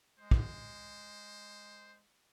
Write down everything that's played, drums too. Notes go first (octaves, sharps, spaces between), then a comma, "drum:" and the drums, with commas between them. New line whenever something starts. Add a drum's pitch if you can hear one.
G#3 C5
drum: kick